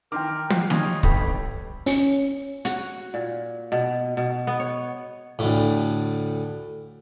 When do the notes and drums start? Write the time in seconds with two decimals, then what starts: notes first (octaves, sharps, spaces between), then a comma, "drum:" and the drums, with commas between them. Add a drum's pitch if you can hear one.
0.12 D#3 E3 A#4 G5 C6 D6
0.50 F4 F#5 C7, drum: tom
0.70 G3 D#4 F4 C#5 D#5, drum: snare
1.03 G1 A4 G5 B5, drum: kick
1.86 C#4, drum: open hi-hat
2.65 F#4, drum: hi-hat
3.14 A#2
3.72 B2
4.17 B2
4.47 B3
4.60 C#5
5.39 D2 A2